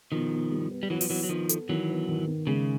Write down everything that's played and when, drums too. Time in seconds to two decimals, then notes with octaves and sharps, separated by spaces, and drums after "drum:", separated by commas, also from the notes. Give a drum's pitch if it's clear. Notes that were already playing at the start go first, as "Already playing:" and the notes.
0.12 B2 D#3 F3
0.32 B2
0.51 G3
0.71 B3
0.83 G3
0.90 E3 F#3 B3
1.01 F3, drum: open hi-hat
1.10 E3 F#3 B3
1.24 F#3
1.29 D#3 F3 B3
1.49 A4, drum: hi-hat
1.69 D#3 E3 F#3
1.89 B3
2.09 D#3
2.27 D#3
2.47 C#3 G#3